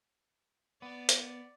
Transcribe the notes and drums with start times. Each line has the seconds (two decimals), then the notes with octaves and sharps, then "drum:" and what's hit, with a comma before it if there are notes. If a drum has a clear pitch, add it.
0.82 B3 D5
1.09 drum: hi-hat